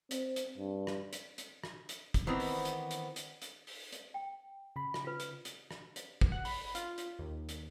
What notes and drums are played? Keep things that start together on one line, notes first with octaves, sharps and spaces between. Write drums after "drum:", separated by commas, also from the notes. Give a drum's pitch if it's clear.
C4, drum: hi-hat
drum: hi-hat
G2
drum: rim click
drum: hi-hat
drum: hi-hat
drum: rim click
drum: hi-hat
drum: kick G1, hi-hat
D#3 E3 B3 C4
drum: open hi-hat
drum: hi-hat
drum: hi-hat
drum: hi-hat
drum: hi-hat
drum: open hi-hat
drum: hi-hat
G5
C#3 B5
drum: rim click
F4 B4
drum: hi-hat
drum: hi-hat
drum: rim click
drum: hi-hat
drum: kick G1
F#5
B5, drum: open hi-hat
F4, drum: hi-hat
drum: hi-hat
D#2
drum: hi-hat